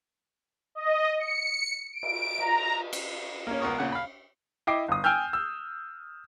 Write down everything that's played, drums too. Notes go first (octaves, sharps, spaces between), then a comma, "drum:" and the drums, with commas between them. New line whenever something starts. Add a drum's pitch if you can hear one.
D#5
C#7
D7
drum: cymbal
A#5, drum: cymbal
drum: cymbal
A#3 C#4
C#2 B3 A#4 C#6 D#6
A#2 C#3 F#5
F5 B5
E4 D#5 G5 D6 C7
G1 D#6
G5 G#5 E6 F6 G6
E6